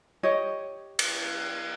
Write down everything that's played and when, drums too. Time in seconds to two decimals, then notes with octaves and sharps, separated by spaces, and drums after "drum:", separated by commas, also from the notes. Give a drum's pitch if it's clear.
0.23 G4 C#5 D#5
0.99 drum: cymbal